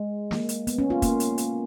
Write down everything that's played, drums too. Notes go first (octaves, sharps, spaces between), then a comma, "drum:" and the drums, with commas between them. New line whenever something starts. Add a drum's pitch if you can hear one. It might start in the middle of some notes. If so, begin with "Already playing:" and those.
Already playing: G#3
A#3, drum: snare
drum: hi-hat
B3, drum: hi-hat
C#4
F4
A#3, drum: kick, hi-hat
drum: hi-hat
drum: hi-hat